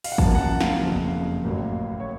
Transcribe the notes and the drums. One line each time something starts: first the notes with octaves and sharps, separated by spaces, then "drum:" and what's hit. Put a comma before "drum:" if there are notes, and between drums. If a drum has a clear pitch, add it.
F5, drum: open hi-hat
F#5
F#2 F3 A#3 A5, drum: kick
F#5
A5
F5, drum: snare
F#1 F2 C#3 F#3
A1 A2 F#3 A#3
C#5